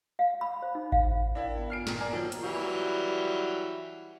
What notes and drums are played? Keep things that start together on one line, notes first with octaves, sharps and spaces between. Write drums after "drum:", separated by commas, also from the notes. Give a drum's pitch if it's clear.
F5
B5
C5
D#4
F5, drum: kick G#1
D4 E4 A#4 F5 G5
B3
G2 F4 G#5 F6 C7 D7
A#2 D#3 A#5, drum: snare
A#4 D5 G#5
D#3 F3 F#3 F4 C5 A#5
drum: hi-hat
E3 F#3 G3